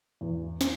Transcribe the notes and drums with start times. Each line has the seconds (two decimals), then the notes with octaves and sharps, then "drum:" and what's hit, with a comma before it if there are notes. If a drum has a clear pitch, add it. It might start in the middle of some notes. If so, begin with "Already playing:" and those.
0.21 E2
0.61 drum: snare